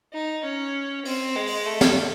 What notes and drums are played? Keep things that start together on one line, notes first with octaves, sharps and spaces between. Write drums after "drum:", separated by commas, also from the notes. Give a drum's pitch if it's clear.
D#4
C#4
C4, drum: open hi-hat
G#3
drum: open hi-hat
A3
drum: snare